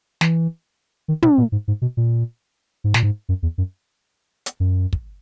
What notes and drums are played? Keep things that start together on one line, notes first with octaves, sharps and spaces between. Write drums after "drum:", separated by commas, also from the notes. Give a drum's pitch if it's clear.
E3, drum: snare
D#3
B2, drum: tom
A#2
G#2
G#2
B2
A#2
G#2
A#2, drum: snare
G#2
F#2
E2
F#2
drum: hi-hat
F#2
drum: kick